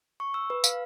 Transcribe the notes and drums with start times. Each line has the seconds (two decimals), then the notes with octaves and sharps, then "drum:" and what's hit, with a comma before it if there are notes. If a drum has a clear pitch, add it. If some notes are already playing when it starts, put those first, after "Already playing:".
0.20 C#6
0.34 E6
0.50 B4
0.64 F5, drum: tambourine